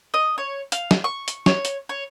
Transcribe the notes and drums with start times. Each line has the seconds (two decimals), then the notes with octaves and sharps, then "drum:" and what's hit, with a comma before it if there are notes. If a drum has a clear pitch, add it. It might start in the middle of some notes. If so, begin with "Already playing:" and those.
0.14 D#5
0.38 C#5
0.72 F5, drum: hi-hat
0.91 drum: snare
1.04 C#6
1.28 drum: hi-hat
1.46 C#5, drum: snare
1.65 drum: hi-hat
1.89 C#5